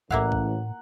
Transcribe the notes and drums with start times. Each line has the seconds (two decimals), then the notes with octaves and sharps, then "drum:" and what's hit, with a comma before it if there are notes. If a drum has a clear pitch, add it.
0.11 A1 A2 A#3 E4 F5 F#5 A#5, drum: kick
0.32 drum: kick